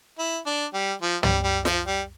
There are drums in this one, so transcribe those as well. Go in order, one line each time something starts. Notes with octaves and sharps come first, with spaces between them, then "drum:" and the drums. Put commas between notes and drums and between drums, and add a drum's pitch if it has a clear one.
E4
D4
G3
F3
G3, drum: tom
G3
F3, drum: snare
G3